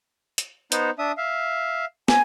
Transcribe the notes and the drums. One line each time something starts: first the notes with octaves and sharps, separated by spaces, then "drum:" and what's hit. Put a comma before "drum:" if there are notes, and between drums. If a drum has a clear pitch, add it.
drum: hi-hat
B3 D#4 C5, drum: hi-hat
D4 E5 D#6
E5 F5
G#5, drum: snare